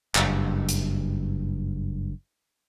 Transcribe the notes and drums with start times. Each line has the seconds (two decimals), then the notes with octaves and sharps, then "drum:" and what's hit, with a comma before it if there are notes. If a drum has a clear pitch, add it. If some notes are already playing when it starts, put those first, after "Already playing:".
0.15 F#1 G2, drum: clap
0.69 drum: hi-hat